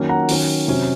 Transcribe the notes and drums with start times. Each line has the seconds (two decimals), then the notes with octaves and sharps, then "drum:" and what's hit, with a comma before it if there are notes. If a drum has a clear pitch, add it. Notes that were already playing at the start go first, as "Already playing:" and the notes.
Already playing: D#3 F#3 A#3 C#4
0.09 F#5 A#5
0.29 D#3 F#3 C#4, drum: open hi-hat
0.68 C3 F#3 C#4